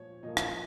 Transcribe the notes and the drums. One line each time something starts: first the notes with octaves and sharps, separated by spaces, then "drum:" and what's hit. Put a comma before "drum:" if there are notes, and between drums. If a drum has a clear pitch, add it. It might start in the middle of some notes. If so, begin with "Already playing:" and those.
Already playing: A#2 F3 C#5
A#2 F3 A#3 D#5
drum: rim click